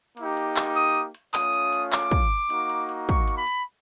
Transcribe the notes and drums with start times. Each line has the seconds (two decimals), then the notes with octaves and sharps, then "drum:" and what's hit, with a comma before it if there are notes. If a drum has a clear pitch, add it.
0.17 A#3 D#4 G4, drum: hi-hat
0.37 drum: hi-hat
0.56 drum: clap
0.76 D#6, drum: hi-hat
0.95 drum: hi-hat
1.15 drum: hi-hat
1.34 A3 C#4 F4 D#6, drum: clap
1.53 drum: hi-hat
1.73 drum: hi-hat
1.92 D6, drum: clap
2.11 drum: kick
2.50 A#3 D#4 F#4, drum: hi-hat
2.70 drum: hi-hat
2.89 drum: hi-hat
3.09 C#6, drum: kick, hi-hat
3.28 drum: hi-hat
3.38 B5
3.47 drum: hi-hat